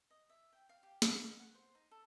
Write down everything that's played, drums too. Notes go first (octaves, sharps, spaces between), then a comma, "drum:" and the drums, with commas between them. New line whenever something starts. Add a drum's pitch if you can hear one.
D#5
E5
G5
F5
G4
drum: snare
A#4
G#5
F#5
C5
D#4
A4